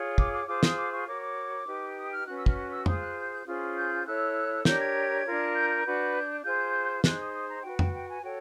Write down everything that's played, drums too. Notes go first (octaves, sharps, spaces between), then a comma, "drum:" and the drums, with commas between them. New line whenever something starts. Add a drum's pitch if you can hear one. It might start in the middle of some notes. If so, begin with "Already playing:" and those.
Already playing: F4 G#4 C#5
D6, drum: kick
D6
F4 G#4 C5 D6
D#6, drum: snare
D6
C#6
F#4 A#4 C#5 D6
D6
D#4 G4 B4
D#6
F6
C#4 F#4 B4 F#6
E6
F6, drum: kick
F#6
E6
F4 G#4 C5 D#6, drum: tom F2
F#6
G6
G6
C#4 F4 G#4 C5
G6
E4 A4 C#5 F#6
D4 G4 A#4 C#5 G6, drum: snare
G#6
D4 F4 A#4
G6
G6
D4 F#4 B4
F4 G#4 C5 G6
D#4 G#4 C5 F#6, drum: snare
D#6
D#6
A#5
F#4 B4 G5
G5, drum: tom F2
G5
G#5
F#4 A4 C#5 G5